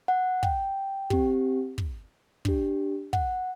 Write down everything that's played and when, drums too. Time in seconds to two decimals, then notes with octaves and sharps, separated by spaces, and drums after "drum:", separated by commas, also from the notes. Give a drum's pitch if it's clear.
0.08 F#5
0.43 G5, drum: kick
1.10 C4 G4, drum: kick
1.78 drum: kick
2.45 D4 G4, drum: kick
3.13 F#5, drum: kick